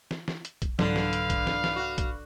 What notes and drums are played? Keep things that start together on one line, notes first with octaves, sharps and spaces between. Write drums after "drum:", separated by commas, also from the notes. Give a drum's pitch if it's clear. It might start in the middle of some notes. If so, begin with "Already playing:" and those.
drum: snare
drum: snare
drum: hi-hat
drum: kick A#1, hi-hat
C2 G#2 D3 F#3 B4 F5, drum: snare
drum: snare
drum: hi-hat
drum: kick A#1, hi-hat
drum: snare
drum: snare
F#4
drum: kick A#1, hi-hat